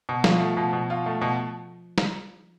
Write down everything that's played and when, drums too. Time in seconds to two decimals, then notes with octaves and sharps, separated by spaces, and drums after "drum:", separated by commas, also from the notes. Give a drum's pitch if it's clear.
0.09 B2
0.24 F3 F4, drum: snare
0.40 A3
0.57 B2
0.73 B2
0.90 F4
1.06 A3
1.21 B2
1.98 drum: snare